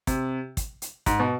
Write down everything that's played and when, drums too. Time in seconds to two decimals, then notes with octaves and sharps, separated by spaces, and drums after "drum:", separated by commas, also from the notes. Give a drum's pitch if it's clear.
0.07 C3, drum: kick, hi-hat
0.57 drum: kick, hi-hat
0.82 drum: hi-hat
1.06 G#2, drum: kick, hi-hat
1.19 B2